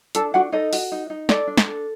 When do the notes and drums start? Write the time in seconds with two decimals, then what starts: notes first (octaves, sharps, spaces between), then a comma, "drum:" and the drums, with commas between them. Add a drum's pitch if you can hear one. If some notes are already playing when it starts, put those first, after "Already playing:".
0.15 D4 A4 A5, drum: hi-hat
0.34 D4 F#4 F#5
0.52 D#4 A4 D#5
0.73 F#4, drum: open hi-hat
0.92 D#4
1.10 D#4
1.29 A4 D5, drum: snare
1.47 D4
1.57 drum: snare
1.68 A4